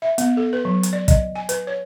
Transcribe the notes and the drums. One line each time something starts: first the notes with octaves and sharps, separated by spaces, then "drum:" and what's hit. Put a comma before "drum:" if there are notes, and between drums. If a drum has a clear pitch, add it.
E5
B3, drum: hi-hat
A4
B4
F#3
drum: hi-hat
D5
D#5, drum: kick, hi-hat
G#5
B4, drum: hi-hat
C#5